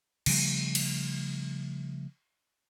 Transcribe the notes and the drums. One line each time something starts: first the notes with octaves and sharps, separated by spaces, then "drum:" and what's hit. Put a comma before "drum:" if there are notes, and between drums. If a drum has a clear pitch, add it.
C#3 F3 G3 A3, drum: cymbal
drum: cymbal